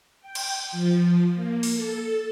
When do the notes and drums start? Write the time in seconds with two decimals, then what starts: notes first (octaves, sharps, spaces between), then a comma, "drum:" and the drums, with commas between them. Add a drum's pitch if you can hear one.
0.21 G5
0.35 drum: cymbal
0.71 F3
1.35 A#3
1.63 drum: open hi-hat
1.73 A4